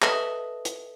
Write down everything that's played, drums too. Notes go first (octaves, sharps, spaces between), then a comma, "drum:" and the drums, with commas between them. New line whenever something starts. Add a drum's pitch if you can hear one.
A4 B4 D#5 E5 A5 D#6, drum: clap
drum: hi-hat